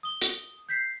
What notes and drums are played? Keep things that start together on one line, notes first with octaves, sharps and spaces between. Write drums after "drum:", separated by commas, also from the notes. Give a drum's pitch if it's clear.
D#6 G7
drum: hi-hat
G6 B6 C7